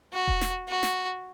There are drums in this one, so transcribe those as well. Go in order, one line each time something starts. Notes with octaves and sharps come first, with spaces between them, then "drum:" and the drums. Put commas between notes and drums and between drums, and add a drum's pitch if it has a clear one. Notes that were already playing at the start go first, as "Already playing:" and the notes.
F#4
drum: kick E1
drum: snare
F#4
drum: snare